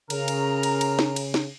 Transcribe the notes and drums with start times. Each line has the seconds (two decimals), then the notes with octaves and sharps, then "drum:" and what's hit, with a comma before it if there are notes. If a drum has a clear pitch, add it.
0.10 C#3 A#4 A#5, drum: cymbal
0.28 drum: cymbal
0.63 drum: cymbal
0.81 drum: cymbal
0.99 drum: snare
1.16 drum: cymbal
1.34 drum: snare